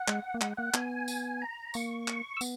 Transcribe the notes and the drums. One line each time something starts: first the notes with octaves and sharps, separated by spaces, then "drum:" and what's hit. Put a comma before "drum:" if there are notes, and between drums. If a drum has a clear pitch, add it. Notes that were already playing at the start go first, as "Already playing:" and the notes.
Already playing: F#5
G#3, drum: clap
A#3
G#3 F#5, drum: clap
A#3 F#5
B3 G#5, drum: clap
drum: tambourine
A#5
A#3 C#6, drum: tambourine
drum: clap
E6
B3, drum: tambourine